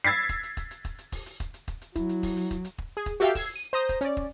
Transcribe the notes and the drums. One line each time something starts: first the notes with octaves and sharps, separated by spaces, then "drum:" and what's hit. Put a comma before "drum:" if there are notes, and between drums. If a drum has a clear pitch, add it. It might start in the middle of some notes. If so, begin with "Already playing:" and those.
E6 G#6 A6 B6 C7
drum: kick, hi-hat
drum: hi-hat
drum: kick, hi-hat
drum: hi-hat
drum: kick, hi-hat
drum: hi-hat
drum: kick, open hi-hat
drum: hi-hat
drum: kick, hi-hat
drum: hi-hat
drum: kick, hi-hat
drum: hi-hat
F#3 E4, drum: kick, hi-hat
drum: hi-hat
drum: kick, open hi-hat
drum: hi-hat
drum: kick, hi-hat
drum: hi-hat
drum: kick
G#4
drum: kick, hi-hat
F#4 G4 A4 E5 F5 G5, drum: hi-hat
E6 G#6 C7, drum: kick, open hi-hat
D#7
C5 A#5 D#6 G6, drum: hi-hat
drum: kick, hi-hat
C#4 D5, drum: hi-hat
drum: kick